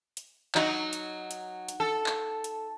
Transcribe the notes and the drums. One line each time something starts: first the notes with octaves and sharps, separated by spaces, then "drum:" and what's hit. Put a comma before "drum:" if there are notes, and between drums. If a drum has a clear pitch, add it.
drum: hi-hat
F#3 D#4 F#4, drum: clap
drum: hi-hat
drum: hi-hat
drum: hi-hat
A4
drum: clap
drum: hi-hat